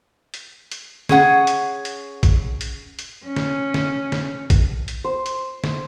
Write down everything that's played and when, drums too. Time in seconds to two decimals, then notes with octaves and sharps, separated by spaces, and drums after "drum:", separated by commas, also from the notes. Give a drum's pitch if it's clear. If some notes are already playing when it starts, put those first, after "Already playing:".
0.34 drum: hi-hat
0.72 drum: hi-hat
1.09 C#4 G#4 F#5, drum: snare
1.47 drum: hi-hat
1.85 drum: hi-hat
2.23 drum: kick, hi-hat
2.61 drum: hi-hat
2.99 drum: hi-hat
3.26 C#4
3.36 drum: snare
3.74 drum: snare
4.12 drum: snare
4.50 drum: kick, hi-hat
4.88 drum: hi-hat
5.04 C5
5.26 drum: hi-hat
5.64 drum: snare